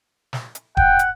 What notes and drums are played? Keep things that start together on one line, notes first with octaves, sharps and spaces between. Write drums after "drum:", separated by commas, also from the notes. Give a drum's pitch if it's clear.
drum: snare
drum: hi-hat
F#5 G5, drum: kick D#1
drum: hi-hat